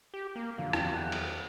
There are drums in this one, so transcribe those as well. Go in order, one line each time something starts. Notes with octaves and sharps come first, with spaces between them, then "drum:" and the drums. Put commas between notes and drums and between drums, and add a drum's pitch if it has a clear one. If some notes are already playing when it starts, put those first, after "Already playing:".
G4
A#3
F#2 D3 F3 F#3 F5
E2 F#4 G5, drum: rim click
D#3 G4 F5 F#6 G6
drum: cymbal